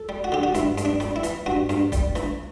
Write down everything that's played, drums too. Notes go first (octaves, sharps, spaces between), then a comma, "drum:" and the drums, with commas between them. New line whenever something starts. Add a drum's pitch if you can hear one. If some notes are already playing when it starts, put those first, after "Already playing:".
Already playing: A4
G3
F#4
D3 G4
F#4
G2 E4, drum: hi-hat
G2, drum: hi-hat
D4
G3, drum: snare
E4
E3, drum: hi-hat
G2 F#4
G2, drum: snare
G3, drum: kick, hi-hat
E3, drum: snare